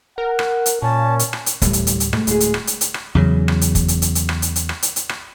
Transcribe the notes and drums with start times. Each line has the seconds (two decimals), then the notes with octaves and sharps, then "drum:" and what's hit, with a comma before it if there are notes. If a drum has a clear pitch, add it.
0.18 A#4 F#5
0.39 drum: rim click
0.66 drum: hi-hat
0.82 A#2 C#4 A5
1.19 drum: hi-hat
1.33 drum: rim click
1.46 drum: hi-hat
1.62 D1 A2 C3 E3 G3, drum: kick, hi-hat
1.73 drum: hi-hat
1.87 drum: hi-hat
2.00 drum: hi-hat
2.13 G#2 B2 A3, drum: rim click
2.27 D1 G#3 G#4, drum: hi-hat
2.40 drum: hi-hat
2.54 drum: rim click
2.67 drum: hi-hat
2.81 drum: hi-hat
2.94 drum: rim click
3.15 E2 C#3 F#3
3.48 drum: rim click
3.61 drum: hi-hat
3.75 drum: kick, hi-hat
3.88 drum: hi-hat
4.02 drum: hi-hat
4.15 drum: hi-hat
4.29 drum: rim click
4.42 drum: hi-hat
4.56 drum: hi-hat
4.69 drum: rim click
4.82 drum: hi-hat
4.96 drum: hi-hat
5.09 drum: rim click